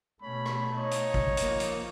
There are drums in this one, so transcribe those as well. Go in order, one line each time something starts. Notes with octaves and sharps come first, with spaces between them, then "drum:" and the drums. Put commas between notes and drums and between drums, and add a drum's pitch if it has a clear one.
B2 A3 C#4 C#5 B5
drum: rim click
D#4 C#5
drum: hi-hat
drum: kick
F3 A#3, drum: hi-hat
drum: hi-hat